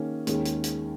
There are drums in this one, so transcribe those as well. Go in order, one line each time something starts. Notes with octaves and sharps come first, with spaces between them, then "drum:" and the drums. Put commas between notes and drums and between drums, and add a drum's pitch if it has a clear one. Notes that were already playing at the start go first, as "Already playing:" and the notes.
Already playing: D#3 A#3 C#4 G#4
D#2 D#3 G#3 C#4 G#4, drum: hi-hat
drum: hi-hat
drum: hi-hat